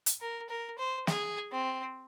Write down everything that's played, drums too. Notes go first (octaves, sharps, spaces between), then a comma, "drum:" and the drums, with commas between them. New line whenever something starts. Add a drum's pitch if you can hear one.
drum: hi-hat
A#4
A#4
C5
G#4, drum: snare
C4